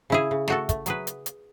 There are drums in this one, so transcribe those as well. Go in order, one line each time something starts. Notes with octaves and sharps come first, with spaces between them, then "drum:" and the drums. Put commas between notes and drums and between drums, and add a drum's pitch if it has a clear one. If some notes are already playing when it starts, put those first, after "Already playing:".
C#3 E4 G#4
C#3
A3 F#4 A4, drum: snare
A3, drum: kick, hi-hat
F#3 G#4 B4, drum: hi-hat
drum: hi-hat
drum: hi-hat